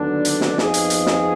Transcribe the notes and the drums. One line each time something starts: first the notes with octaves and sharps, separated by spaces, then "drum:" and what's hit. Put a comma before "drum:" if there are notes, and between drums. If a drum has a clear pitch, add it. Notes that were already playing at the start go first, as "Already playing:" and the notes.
Already playing: D#2 D3 F#3 B3 D4
drum: hi-hat
drum: snare
F2 F3 B3 D#4 G#4, drum: snare
drum: hi-hat
drum: hi-hat
drum: snare